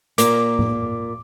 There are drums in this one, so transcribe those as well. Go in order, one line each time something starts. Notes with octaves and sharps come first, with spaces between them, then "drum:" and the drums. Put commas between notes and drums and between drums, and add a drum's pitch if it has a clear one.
A#2 A#3 D6, drum: hi-hat
drum: tom A2